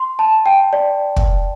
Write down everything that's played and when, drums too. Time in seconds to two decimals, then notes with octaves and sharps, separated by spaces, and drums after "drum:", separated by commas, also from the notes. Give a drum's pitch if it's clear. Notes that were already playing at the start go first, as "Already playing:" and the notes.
Already playing: C6
0.19 A5
0.46 G5
0.73 D5
1.16 drum: kick